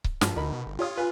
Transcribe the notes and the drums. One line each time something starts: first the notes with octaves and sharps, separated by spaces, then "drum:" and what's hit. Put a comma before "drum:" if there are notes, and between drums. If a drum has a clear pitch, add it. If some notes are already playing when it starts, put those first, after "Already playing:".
drum: kick C#1
A#1 G2, drum: snare
D2 D#4 A#4 B5
B2
G1
F4 G4 C#5 D#6
B4 G#5